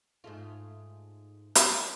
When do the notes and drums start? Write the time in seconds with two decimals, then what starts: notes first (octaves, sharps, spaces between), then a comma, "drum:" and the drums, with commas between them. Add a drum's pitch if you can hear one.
0.24 G#2 A3 F4
1.55 drum: hi-hat